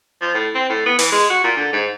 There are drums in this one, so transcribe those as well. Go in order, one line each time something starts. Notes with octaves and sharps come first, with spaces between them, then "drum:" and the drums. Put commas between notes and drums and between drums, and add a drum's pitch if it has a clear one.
F3
A2
C4
A2
B3
E3, drum: open hi-hat
G#3
F#4
A#2
D3
G#2